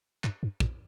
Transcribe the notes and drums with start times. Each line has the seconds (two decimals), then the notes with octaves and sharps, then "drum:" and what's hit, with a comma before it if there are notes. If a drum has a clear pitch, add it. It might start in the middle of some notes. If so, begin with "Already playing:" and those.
0.24 G2, drum: clap
0.43 G2
0.60 A2, drum: kick